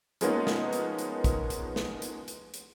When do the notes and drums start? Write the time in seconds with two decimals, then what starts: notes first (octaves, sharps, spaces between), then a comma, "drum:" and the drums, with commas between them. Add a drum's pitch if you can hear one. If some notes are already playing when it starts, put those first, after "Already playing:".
0.21 F3 G#3 A#3 B3 C#4 D#4, drum: hi-hat
0.47 drum: snare
0.73 drum: hi-hat
0.99 drum: hi-hat
1.24 drum: kick, hi-hat
1.50 drum: hi-hat
1.76 drum: snare
2.02 drum: hi-hat
2.28 drum: hi-hat
2.54 drum: hi-hat